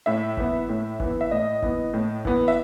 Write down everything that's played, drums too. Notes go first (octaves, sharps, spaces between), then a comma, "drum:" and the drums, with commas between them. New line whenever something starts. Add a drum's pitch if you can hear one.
A2 E5
E3 B3, drum: kick G1
A2
E3 B3, drum: kick G1
E5
A2 D#5
E3 B3, drum: kick G1
A2
E3 B3, drum: kick G1
E5